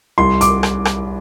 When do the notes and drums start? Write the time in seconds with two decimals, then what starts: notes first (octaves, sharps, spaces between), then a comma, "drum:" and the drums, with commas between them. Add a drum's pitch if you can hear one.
0.18 C2 C6
0.41 D6, drum: hi-hat
0.63 drum: rim click
0.85 drum: rim click